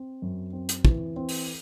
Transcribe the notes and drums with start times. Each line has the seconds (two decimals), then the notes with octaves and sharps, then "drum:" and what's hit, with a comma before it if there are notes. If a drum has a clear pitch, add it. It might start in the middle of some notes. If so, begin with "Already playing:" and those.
Already playing: C4
0.22 F#2
0.53 C4
0.69 drum: hi-hat
0.85 E3, drum: kick
1.16 C4
1.29 drum: open hi-hat